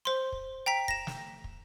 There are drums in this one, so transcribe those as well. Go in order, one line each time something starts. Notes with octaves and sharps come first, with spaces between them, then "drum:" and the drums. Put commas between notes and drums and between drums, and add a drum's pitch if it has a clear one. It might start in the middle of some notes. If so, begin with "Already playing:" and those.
C5 C6
drum: kick
G5 A#5 B6
A#6 E7, drum: kick
drum: snare
drum: kick